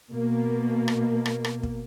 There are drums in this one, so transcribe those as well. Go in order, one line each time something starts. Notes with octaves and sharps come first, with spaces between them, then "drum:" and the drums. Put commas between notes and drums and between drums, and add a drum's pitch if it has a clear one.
B2 A#3
drum: rim click
drum: rim click
drum: rim click
drum: kick